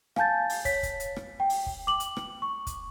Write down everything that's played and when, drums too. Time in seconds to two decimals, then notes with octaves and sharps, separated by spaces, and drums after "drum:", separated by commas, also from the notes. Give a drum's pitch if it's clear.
0.16 F5 G#5 A5 G6 A6, drum: rim click
0.50 drum: open hi-hat
0.65 C#5 B6, drum: kick, hi-hat
0.83 drum: kick, hi-hat
1.00 drum: hi-hat
1.16 drum: rim click
1.40 G5
1.50 drum: open hi-hat
1.66 drum: kick
1.87 D6 F#7
2.00 drum: hi-hat
2.17 drum: rim click
2.42 C#6
2.67 drum: kick, hi-hat